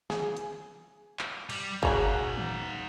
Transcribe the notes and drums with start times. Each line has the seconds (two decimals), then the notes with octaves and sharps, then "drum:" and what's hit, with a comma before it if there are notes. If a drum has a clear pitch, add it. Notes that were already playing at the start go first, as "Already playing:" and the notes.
0.10 G#4, drum: snare
0.37 drum: hi-hat
1.19 drum: clap
1.50 G3, drum: cymbal
1.83 C#3 F#3 D#4 F#5 G#5, drum: kick
2.37 drum: tom